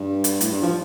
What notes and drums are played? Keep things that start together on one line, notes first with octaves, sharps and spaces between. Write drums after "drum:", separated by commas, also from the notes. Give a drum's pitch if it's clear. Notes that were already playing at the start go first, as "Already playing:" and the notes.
Already playing: G2
drum: hi-hat
A2, drum: hi-hat
G2
F3